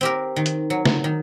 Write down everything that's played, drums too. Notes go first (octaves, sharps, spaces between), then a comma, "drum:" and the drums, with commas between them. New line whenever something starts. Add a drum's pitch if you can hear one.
C4 G4 A#4
D#3
drum: hi-hat
F#3
drum: snare
D#3